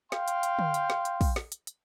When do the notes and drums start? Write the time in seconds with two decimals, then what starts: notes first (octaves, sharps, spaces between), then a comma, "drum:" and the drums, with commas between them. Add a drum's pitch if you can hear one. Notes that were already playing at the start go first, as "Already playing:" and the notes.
0.12 F5 G5 C6, drum: snare
0.28 drum: hi-hat
0.43 drum: hi-hat
0.59 drum: tom D3
0.74 drum: hi-hat
0.90 drum: snare
1.05 drum: hi-hat
1.21 drum: kick, open hi-hat
1.36 drum: snare
1.52 drum: hi-hat
1.67 drum: hi-hat